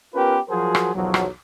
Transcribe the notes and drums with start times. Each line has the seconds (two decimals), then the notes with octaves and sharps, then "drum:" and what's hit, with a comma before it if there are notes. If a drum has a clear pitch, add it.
0.14 B3 C#4 F4 G4 A#4 B4
0.48 F3 F#3 F#4 G#4 A#4 C5
0.75 drum: rim click
0.94 B1 E2 F3 F#3
1.14 drum: rim click